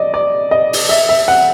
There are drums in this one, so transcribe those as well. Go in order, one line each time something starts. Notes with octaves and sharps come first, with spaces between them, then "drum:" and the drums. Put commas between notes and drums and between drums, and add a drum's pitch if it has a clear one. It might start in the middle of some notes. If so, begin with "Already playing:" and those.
Already playing: D5 D#5
D5
D#5
drum: open hi-hat
E5
E5
F#5